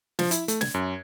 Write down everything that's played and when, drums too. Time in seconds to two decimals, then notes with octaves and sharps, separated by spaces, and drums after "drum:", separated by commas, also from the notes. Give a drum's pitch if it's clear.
0.19 F3, drum: snare
0.31 E4, drum: hi-hat
0.48 A3, drum: hi-hat
0.61 G#6, drum: snare
0.74 F#2